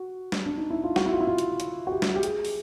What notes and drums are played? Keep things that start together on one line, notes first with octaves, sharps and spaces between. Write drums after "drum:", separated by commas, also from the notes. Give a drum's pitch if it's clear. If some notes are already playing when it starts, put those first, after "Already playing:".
Already playing: F#4
drum: snare
D4
D#4
E4
F4
F#4, drum: snare
E4
F4
E4
F4
drum: hi-hat
drum: hi-hat
F#4
G4
drum: snare
G4
G#4, drum: hi-hat
drum: open hi-hat